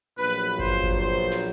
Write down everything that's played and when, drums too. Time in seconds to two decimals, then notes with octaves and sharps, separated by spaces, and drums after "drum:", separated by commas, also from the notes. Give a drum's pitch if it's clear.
0.18 A#1 A#2 F#3 B3 B4, drum: hi-hat
0.59 C5, drum: kick G1
0.83 drum: kick G1
1.00 C5
1.31 drum: snare